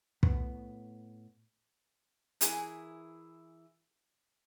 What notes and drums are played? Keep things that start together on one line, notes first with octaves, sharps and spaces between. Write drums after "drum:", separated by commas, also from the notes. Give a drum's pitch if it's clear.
A2 B3, drum: kick
E3 E4 G#4 A#4, drum: hi-hat